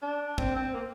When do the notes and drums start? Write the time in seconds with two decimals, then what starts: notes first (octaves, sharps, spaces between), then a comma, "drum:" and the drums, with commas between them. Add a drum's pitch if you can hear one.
0.02 D4
0.38 C4, drum: kick
0.56 C4
0.74 A#3